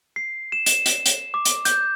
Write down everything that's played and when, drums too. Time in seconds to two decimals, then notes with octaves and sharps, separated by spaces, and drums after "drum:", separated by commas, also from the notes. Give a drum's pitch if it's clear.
0.16 C7
0.52 E7
0.66 E7, drum: hi-hat
0.86 drum: hi-hat
1.06 drum: hi-hat
1.34 D6
1.45 drum: hi-hat
1.65 G6, drum: hi-hat